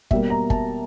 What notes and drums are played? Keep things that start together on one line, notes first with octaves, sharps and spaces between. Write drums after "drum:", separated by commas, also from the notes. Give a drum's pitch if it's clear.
B2 G3 A#3 E5, drum: kick
A#5
A5, drum: kick